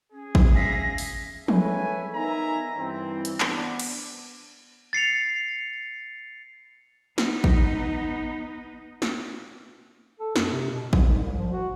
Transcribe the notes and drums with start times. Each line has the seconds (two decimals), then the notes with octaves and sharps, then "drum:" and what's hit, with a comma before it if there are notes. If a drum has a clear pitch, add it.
0.12 C#4 G#4
0.35 drum: kick
0.55 E5 F5 A#6
0.98 drum: open hi-hat
1.48 G#4 A4 B4 C#5 E5 G#5, drum: tom E3
2.14 B3 D#4 A#4 E5 G#5 A#5
2.77 G2 E3 C4
3.25 drum: hi-hat
3.40 B3 D4, drum: clap
3.79 drum: cymbal
4.93 A6 C7 C#7 F7
7.18 B3 D#4, drum: snare
7.44 drum: kick
9.02 drum: snare
10.20 A4
10.36 F#2, drum: snare
10.52 C3
10.71 B2
10.93 C2, drum: kick
11.09 G#2
11.23 C2
11.38 F3
11.52 F#4